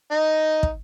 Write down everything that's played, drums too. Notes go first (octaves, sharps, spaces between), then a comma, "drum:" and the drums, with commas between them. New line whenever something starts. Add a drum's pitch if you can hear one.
D#4 D#5
drum: kick